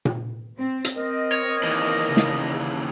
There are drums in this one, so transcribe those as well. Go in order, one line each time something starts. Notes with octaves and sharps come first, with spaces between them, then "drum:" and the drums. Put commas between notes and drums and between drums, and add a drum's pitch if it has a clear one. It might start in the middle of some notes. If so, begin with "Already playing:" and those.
drum: tom A#2
C4
drum: hi-hat
C4 A#4 D#5
C#5
D#2 E3
C#3
drum: snare